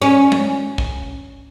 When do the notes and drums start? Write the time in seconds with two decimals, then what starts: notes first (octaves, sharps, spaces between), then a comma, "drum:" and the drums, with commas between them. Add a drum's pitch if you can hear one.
0.02 C#4
0.32 drum: tom
0.78 drum: kick